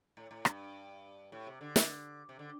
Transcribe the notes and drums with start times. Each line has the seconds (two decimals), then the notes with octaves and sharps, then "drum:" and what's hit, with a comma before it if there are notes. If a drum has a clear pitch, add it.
0.17 A2
0.31 A2
0.45 G2, drum: rim click
1.32 A2
1.47 C3
1.61 D3
1.76 drum: snare
2.29 C3
2.39 D3